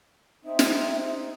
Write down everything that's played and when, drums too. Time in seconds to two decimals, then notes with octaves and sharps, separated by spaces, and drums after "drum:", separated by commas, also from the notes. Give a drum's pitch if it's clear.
0.45 C4 D#4 E5
0.59 drum: snare